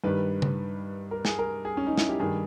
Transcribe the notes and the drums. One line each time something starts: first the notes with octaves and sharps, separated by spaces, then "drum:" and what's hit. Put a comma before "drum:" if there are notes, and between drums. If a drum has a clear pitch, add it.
G2 D#3 G3 B4
drum: tom C#3
A#4
G#4, drum: snare
A#4
G#4
C#4
D#4
E4, drum: snare
G4
G2 D#3 G3 G#4